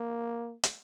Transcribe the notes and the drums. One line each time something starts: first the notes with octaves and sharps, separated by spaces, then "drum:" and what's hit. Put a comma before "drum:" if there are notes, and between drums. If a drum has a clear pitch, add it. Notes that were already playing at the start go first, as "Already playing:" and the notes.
Already playing: A#3
drum: hi-hat